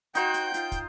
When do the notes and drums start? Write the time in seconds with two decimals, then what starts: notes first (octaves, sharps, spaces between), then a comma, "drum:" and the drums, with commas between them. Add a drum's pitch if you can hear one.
0.15 D#4 F#4 C5 F#5 G5 G6, drum: hi-hat
0.34 drum: hi-hat
0.54 F4, drum: hi-hat
0.72 drum: kick, hi-hat